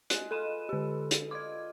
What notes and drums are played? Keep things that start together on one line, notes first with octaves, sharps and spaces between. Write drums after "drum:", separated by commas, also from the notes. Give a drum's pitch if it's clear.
G#3 F#6, drum: hi-hat
F4 A4 B4 D#5 D#7 E7
D3 G4 A4
drum: hi-hat
F4 D5 D#5 D6 G#6